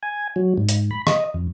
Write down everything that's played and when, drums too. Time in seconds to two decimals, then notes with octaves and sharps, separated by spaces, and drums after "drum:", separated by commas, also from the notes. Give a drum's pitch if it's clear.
0.03 G#5
0.36 F#3
0.58 G#2
0.69 drum: hi-hat
0.91 B5
1.07 D#5, drum: rim click
1.34 F2